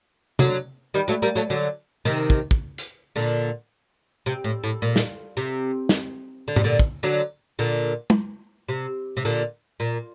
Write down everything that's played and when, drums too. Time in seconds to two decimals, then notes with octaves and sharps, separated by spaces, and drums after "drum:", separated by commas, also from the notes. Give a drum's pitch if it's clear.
0.39 D3 F#3, drum: tom C3
0.94 D#3 G3
1.08 F#3 A3
1.22 G3 A#3
1.35 F#3 A3
1.50 D3 F#3
2.05 C3 D#3
2.30 drum: kick
2.51 drum: kick
2.78 drum: hi-hat
3.16 A#2 D3
4.26 C3
4.44 A2
4.64 A2
4.82 A#2
4.96 drum: snare
5.37 C3
5.89 drum: snare
6.48 D3
6.56 C3, drum: tom G#2
6.64 A#2 D3
6.79 drum: kick
7.03 D3 F#3
7.59 A#2 D3
8.10 drum: tom
8.68 C3
9.17 C3
9.25 A#2 D3
9.80 A#2